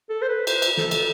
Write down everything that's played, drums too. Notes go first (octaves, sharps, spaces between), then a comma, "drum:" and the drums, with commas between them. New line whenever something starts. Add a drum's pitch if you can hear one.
A4
C5
B4
C5, drum: cymbal
drum: cymbal
A4, drum: snare
drum: cymbal